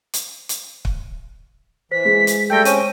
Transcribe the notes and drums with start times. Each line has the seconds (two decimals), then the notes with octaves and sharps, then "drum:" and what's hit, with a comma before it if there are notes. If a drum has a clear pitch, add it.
0.14 drum: hi-hat
0.49 drum: hi-hat
0.85 drum: kick
1.92 E3 C5 B6
2.05 G#3
2.27 drum: hi-hat
2.50 G3 A3 A4 G5 G6 A#6
2.65 C4 C#4 C5 C#5 C#6 D#7, drum: hi-hat